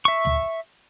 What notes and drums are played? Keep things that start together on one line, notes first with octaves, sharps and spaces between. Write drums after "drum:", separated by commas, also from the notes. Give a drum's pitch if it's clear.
E5 C#6
drum: tom